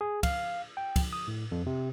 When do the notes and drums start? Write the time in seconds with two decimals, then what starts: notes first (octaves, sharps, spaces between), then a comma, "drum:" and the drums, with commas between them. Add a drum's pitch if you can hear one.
0.01 G#4
0.23 F5, drum: kick, cymbal
0.77 G5
0.96 drum: kick, cymbal
1.13 D#6
1.28 A2
1.51 F2
1.66 C3